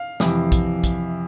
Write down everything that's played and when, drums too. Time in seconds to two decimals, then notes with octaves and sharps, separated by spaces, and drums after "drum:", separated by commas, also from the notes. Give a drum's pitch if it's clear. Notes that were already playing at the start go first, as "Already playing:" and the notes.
Already playing: F5
0.20 F2 C3 E3, drum: snare
0.52 drum: kick A#1, hi-hat
0.84 drum: kick A#1, hi-hat